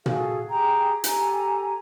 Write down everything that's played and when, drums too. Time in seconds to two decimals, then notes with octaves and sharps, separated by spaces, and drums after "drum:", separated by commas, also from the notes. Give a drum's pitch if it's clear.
0.06 F#4 G#4 A4 F5, drum: tom A#2
0.49 G4 G#4 G5 A#5
1.04 G4 A4 G#5 A#5, drum: hi-hat